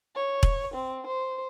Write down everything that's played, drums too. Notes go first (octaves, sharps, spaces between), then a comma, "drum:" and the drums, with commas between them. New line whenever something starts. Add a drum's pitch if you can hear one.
C#5
drum: kick E1
C4
C5